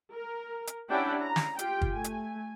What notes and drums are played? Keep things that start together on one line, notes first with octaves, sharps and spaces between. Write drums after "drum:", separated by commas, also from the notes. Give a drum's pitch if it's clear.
A#4
drum: hi-hat
C#4 D4 E4 G4 F#5 G5
A#5
drum: snare
F4 G4 G5, drum: hi-hat
drum: kick
A3 G#5
drum: hi-hat